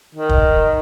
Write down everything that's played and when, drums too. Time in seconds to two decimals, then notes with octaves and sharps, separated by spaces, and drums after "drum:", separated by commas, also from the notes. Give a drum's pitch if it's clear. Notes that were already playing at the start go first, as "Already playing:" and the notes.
0.15 D#3
0.29 drum: kick